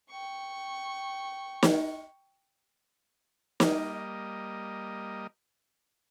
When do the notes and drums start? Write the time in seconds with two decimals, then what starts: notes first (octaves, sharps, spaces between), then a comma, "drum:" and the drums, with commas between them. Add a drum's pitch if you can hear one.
0.10 G5 C#6
1.63 drum: snare
3.60 G3 A#3 D#5, drum: snare